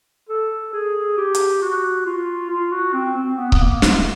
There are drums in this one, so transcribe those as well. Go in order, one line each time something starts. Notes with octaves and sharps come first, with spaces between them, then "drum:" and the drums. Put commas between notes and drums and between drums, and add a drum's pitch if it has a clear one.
A4
G#4
G4
drum: hi-hat
F#4
F4
F4
F#4
C4
C4
B3
B3, drum: kick C#1
A#3
A3, drum: snare
G#3
A3